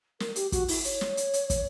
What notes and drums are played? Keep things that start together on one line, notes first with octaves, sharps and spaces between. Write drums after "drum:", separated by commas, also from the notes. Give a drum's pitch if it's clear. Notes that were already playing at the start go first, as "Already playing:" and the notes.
A#4, drum: snare
G4, drum: hi-hat
F#4, drum: kick, hi-hat
E4, drum: open hi-hat
C#5, drum: hi-hat
drum: snare
drum: hi-hat
drum: hi-hat
drum: kick, hi-hat